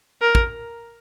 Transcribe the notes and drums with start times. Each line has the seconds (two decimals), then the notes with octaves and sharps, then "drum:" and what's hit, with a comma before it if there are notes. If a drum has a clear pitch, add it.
0.21 A#4
0.35 drum: kick